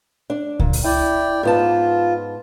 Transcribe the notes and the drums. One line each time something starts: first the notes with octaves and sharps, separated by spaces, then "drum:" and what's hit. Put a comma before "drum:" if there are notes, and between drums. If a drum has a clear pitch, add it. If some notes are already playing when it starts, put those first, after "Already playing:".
D4
A#2, drum: kick C#2
drum: open hi-hat
E4 D5 G5
G#2 B3 F4 A5